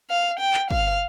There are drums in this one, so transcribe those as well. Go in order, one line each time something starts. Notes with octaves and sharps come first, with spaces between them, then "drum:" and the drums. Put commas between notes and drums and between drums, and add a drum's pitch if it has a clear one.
F5
G5
drum: clap
F5, drum: kick